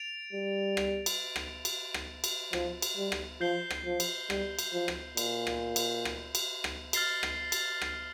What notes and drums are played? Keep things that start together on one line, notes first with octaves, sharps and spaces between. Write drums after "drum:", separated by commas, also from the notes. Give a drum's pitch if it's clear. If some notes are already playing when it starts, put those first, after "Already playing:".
Already playing: A6 D7 F7
G3
drum: rim click
drum: cymbal
drum: rim click
drum: cymbal
drum: rim click
drum: cymbal
F3, drum: rim click
drum: cymbal
G3
drum: rim click
F3 G6 C7 G7
drum: rim click
F3
drum: cymbal
G3, drum: rim click
drum: cymbal
F3
drum: rim click
A#2, drum: cymbal
drum: rim click
drum: cymbal
drum: rim click
drum: cymbal
drum: rim click
F6 A6 C7 G7, drum: cymbal
drum: rim click
drum: cymbal
drum: rim click